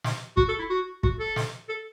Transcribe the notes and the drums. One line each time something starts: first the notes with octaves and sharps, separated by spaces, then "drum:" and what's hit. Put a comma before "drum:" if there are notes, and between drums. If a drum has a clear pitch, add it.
drum: snare
F#4, drum: kick
A4
E4
F#4
F#4, drum: kick
A4
drum: snare
A4